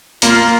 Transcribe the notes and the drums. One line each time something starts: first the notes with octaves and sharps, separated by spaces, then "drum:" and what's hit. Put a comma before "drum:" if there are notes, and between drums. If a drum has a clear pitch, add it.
A#3 F4, drum: hi-hat